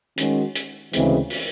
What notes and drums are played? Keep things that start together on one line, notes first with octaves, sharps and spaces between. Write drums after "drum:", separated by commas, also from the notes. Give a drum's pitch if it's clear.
D#3 G#3 C#4 F#4, drum: hi-hat
drum: hi-hat
D2 C#3 E3 G#3 C4, drum: hi-hat
drum: open hi-hat